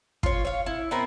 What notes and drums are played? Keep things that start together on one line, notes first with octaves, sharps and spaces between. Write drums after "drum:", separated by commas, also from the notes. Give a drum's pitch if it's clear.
F4 C#5, drum: kick
C#5 F5
E4
B3 C4 E4 A#4